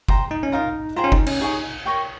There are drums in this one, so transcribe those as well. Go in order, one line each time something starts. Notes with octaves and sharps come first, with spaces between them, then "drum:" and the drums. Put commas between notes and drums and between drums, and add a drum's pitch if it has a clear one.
C5 G5 A#5, drum: kick F#1
D#4
C#4
D#4 F4 A#4 F5 A#5
F4 G#4 C5 G5 A#5
C#4
D#4, drum: kick F#1
C#4, drum: cymbal
D#4 G#4 C#5 G#5 D#6
A#4 C#5 G5 C#6